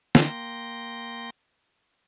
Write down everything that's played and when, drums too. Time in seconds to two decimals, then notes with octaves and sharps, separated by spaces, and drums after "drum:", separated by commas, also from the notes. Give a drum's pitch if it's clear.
0.15 A#3 G5 C6 A#6, drum: snare